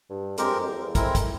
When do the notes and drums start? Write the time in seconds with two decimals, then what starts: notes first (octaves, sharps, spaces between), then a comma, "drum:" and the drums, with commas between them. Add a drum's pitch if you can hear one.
0.10 G2
0.38 F2 G#3 C4 G4 A#4, drum: hi-hat
0.45 G2
0.53 F2
0.67 E2
0.74 F2
0.83 E2
0.95 F2 G#3 C4 E4 A#4, drum: kick, hi-hat
1.15 drum: kick, hi-hat